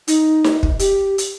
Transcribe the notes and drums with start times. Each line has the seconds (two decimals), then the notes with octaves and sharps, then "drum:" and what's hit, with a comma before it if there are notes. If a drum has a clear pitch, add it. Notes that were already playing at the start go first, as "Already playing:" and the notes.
0.08 D#4, drum: hi-hat
0.44 drum: snare D#4
0.63 drum: kick
0.79 G4, drum: hi-hat
1.18 drum: hi-hat